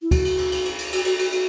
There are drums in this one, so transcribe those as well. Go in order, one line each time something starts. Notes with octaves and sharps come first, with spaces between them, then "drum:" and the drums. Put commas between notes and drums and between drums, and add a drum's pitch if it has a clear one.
E4
F#4, drum: kick, cymbal
drum: cymbal
drum: cymbal
drum: cymbal
drum: cymbal
drum: cymbal
F#4, drum: cymbal
F#4, drum: cymbal
F#4, drum: cymbal
F#4, drum: cymbal